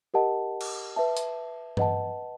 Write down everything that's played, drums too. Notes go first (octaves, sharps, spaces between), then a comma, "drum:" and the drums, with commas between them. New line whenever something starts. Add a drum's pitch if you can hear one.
G4 A#4 D#5 F#5 A5
drum: cymbal
B4 E5 A5
drum: hi-hat
B4 D#5 F#5 A5, drum: tom G2